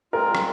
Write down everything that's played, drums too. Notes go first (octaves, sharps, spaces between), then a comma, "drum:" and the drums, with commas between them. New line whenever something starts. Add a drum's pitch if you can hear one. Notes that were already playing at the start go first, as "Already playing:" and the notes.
A#2 G#3 C4 F4 A#4
drum: rim click